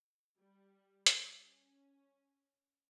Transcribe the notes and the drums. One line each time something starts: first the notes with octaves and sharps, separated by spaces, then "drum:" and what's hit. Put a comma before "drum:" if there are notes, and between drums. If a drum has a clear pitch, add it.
G3
drum: hi-hat
C#4